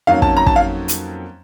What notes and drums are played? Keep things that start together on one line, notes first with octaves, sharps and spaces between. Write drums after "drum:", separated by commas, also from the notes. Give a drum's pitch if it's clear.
F2 D#3 F#3 A#3 C#4 F5
A5, drum: kick
A#5
A5, drum: kick
F5
drum: hi-hat